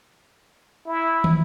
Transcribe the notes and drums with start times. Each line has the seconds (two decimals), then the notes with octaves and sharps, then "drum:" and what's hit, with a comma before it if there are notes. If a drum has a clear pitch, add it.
0.86 E4
1.24 drum: tom